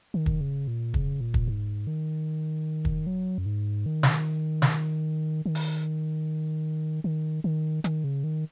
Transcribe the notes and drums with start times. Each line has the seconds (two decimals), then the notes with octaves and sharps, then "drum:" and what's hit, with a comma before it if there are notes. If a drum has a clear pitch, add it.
0.14 D#3
0.26 drum: kick
0.41 C#3
0.68 A#2
0.94 C#3, drum: kick
1.21 A#2
1.34 drum: kick
1.47 G#2
1.87 D#3
2.85 drum: kick
3.07 F#3
3.38 F#2
3.46 G#2
3.86 D#3
4.03 drum: snare
4.62 drum: snare
5.46 D#3
5.55 drum: open hi-hat
7.04 D#3
7.44 D#3
7.84 D#3, drum: hi-hat
8.04 C#3
8.24 D#3